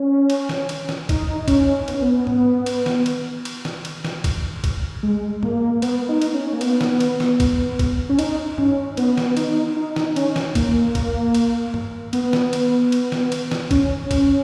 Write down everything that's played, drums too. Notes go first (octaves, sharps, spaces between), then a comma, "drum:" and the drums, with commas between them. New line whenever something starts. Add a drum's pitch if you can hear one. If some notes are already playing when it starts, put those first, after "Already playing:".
Already playing: C#4
drum: cymbal
drum: snare
drum: cymbal
drum: snare
D#4, drum: kick A#1, cymbal
C#4, drum: kick A#1, cymbal
B3, drum: cymbal
C#4
B3
drum: tom G#2
drum: cymbal
drum: snare
drum: cymbal
drum: cymbal
drum: snare
drum: cymbal
drum: snare
drum: kick A#1, cymbal
drum: kick A#1, cymbal
G#3
A#3, drum: tom
B3, drum: cymbal
D#4
drum: cymbal
C#4
A#3
B3, drum: cymbal
drum: snare
drum: cymbal
drum: snare
drum: kick A#1, cymbal
drum: kick A#1, cymbal
C#4
D#4, drum: cymbal
C#4, drum: tom
B3, drum: cymbal
drum: snare
D#4, drum: cymbal
D#4
drum: snare
C#4, drum: cymbal
drum: snare
A#3, drum: kick A#1, cymbal
drum: kick A#1, cymbal
drum: cymbal
drum: tom
B3, drum: cymbal
drum: snare
drum: cymbal
drum: cymbal
drum: snare
drum: cymbal
drum: snare
C#4, drum: kick A#1, cymbal
drum: kick A#1, cymbal